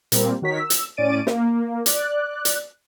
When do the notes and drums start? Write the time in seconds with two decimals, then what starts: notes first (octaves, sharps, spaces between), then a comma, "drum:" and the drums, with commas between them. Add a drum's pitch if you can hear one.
0.12 A#2 G3 A#3 C4, drum: hi-hat
0.42 D#3 F#4 A#4 C#5 B6
0.59 E6
0.70 drum: hi-hat
0.97 A2 C#4 D5 A6 D7 D#7
1.27 A#3, drum: snare
1.86 D5 F#6, drum: hi-hat
2.45 drum: hi-hat